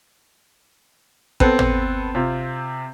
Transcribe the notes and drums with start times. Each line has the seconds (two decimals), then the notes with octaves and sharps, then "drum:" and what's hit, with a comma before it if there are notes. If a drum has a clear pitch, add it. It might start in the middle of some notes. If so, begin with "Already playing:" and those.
1.40 B3 C4 A4 B4, drum: kick
1.59 drum: tom
2.15 C3 F4